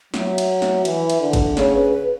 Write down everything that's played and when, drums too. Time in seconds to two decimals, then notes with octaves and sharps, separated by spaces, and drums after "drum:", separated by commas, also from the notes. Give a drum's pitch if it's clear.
0.14 F#3 E5, drum: snare
0.38 drum: cymbal
0.62 drum: snare
0.85 E3, drum: cymbal
1.10 drum: cymbal
1.21 D3
1.33 drum: kick, cymbal
1.57 C#3 C#5, drum: snare
1.74 B4
1.93 B4